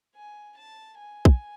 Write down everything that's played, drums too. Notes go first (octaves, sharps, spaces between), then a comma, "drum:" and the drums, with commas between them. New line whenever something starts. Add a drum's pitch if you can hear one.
G#5
A5
G#5
drum: kick